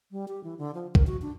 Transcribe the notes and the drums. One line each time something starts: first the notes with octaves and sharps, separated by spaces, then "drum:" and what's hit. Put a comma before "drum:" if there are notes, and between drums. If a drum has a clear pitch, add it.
G3
G4
E3
D3
F3
A#4, drum: kick
F#4
D4